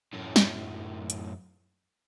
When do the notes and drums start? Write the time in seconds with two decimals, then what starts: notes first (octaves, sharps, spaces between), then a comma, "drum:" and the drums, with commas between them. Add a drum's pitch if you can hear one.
0.13 F#2 A2
0.36 drum: snare
1.10 drum: hi-hat